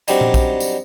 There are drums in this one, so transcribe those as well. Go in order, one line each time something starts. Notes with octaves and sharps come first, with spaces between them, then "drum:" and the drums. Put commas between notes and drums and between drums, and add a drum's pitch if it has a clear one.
F#3 G3 C4 D4 D#4, drum: tambourine
drum: tom A#2
drum: kick, tambourine
drum: tambourine